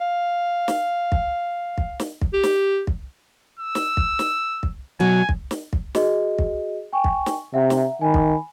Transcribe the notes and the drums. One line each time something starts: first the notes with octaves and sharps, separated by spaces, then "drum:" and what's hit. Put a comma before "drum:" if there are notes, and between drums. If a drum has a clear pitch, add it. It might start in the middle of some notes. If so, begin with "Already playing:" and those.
F5
drum: snare
drum: kick
drum: kick
drum: snare
drum: kick
G4
drum: snare
drum: kick
E6
drum: snare
drum: kick
drum: snare
drum: kick
B2 F#3 G#5
drum: kick
drum: snare
drum: kick
F#4 G#4 D#5, drum: snare
drum: kick
G5 G#5 C#6
drum: kick
drum: snare
C3 E5 F#5 A#5
drum: snare
D#3 G#5 B5
drum: kick